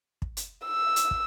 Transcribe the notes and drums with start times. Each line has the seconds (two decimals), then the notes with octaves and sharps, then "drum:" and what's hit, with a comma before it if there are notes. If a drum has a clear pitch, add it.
0.22 drum: kick
0.37 drum: hi-hat
0.66 E6
0.96 drum: hi-hat
1.11 drum: kick